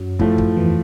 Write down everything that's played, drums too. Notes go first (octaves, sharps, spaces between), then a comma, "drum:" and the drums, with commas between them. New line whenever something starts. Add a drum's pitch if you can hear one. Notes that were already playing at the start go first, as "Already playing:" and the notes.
Already playing: F#2 F#3
A2 F3 A3, drum: kick
drum: kick
E2 E3